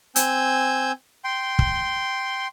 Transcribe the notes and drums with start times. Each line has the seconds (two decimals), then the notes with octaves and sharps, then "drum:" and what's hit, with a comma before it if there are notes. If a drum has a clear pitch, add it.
0.16 C4 G#5 E6 G6, drum: hi-hat
1.24 G5 C6
1.59 drum: kick